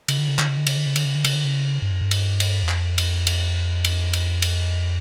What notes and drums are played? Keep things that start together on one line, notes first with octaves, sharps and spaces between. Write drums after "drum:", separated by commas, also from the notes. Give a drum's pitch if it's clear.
C#3, drum: cymbal
D3
C#3
D3, drum: clap
C#3
D3
C#3, drum: cymbal
D3
C#3
D3, drum: cymbal
C#3
D3
C#3, drum: cymbal
D3
C#3
G2
F#2
G2
drum: cymbal
drum: cymbal
E2
F2, drum: clap
drum: cymbal
drum: cymbal
drum: cymbal
drum: cymbal
drum: cymbal